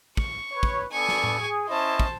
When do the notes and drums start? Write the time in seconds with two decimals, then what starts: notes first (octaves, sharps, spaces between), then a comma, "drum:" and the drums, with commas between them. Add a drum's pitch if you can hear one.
0.17 C#6, drum: kick
0.51 B4 C#5
0.63 drum: kick
0.92 B3 D4 A4 G#5 C#6
1.08 drum: snare
1.24 drum: tom A2
1.38 G#4
1.68 C#4 E4 C5 D#5 A5
2.00 drum: kick